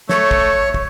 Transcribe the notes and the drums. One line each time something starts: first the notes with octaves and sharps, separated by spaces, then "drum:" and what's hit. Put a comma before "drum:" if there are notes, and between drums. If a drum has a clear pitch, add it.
A3 C#5, drum: snare
drum: kick
drum: kick